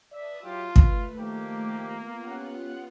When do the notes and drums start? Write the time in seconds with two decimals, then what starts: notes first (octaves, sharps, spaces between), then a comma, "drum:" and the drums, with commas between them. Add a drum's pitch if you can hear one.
0.12 B4 D5 E5 A5 D#6
0.43 F#3 E4 F4 G4 A5 A6
0.76 A3 B4, drum: kick
1.18 D#3 F3 A#3 G4
1.84 B3 F4
2.24 C#4 G4 F#5